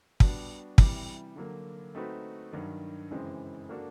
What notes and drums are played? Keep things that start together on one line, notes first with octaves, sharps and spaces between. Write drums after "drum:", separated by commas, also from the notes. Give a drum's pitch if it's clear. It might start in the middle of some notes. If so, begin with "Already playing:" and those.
G3 B3 D4 F#4, drum: kick
C3 E3 G3, drum: kick
D3 F#3 A#3
A3 C4 D#4 F#4 B4
G2 D#3 F#3
F#2 C#3 E3 G#3 C4
A#3 D4 F#4 A4